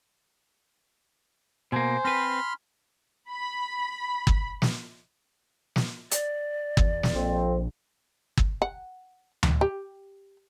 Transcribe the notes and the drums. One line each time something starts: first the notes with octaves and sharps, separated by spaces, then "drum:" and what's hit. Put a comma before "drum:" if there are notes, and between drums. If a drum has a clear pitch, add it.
B2 A#3 C5 G#5
C4 B4 B5 C6 F6
B5
drum: kick
drum: snare
drum: snare
D5, drum: hi-hat
E2, drum: kick
drum: snare
A#1 F2 C4
drum: kick
F#5
drum: tom D2
G4